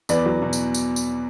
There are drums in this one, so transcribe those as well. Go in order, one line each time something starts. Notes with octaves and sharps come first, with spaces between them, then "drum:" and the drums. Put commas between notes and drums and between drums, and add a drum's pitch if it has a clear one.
E2 B4 D5, drum: tambourine
F#3
B2
drum: tambourine
drum: tambourine
drum: tambourine